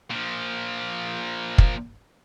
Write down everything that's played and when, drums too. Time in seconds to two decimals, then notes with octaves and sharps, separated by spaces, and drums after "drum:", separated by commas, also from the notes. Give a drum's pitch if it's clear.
0.11 A#2 F3
1.58 drum: kick